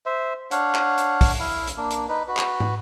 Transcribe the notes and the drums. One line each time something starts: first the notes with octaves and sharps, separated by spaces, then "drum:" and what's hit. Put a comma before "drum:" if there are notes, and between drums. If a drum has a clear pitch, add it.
C5 E5
D4 C#5 F5 F#5, drum: hi-hat
drum: clap
drum: hi-hat
drum: kick, open hi-hat
E4 F5
drum: hi-hat
A#3 D4
drum: hi-hat
D#4 B4
F#4 B4
drum: clap
drum: tom